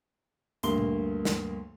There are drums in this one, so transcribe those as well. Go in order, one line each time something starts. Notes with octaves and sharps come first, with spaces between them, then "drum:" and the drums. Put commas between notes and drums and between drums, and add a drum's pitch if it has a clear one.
D2 G2 A#3 C6 G7, drum: hi-hat
drum: tom A#2
drum: snare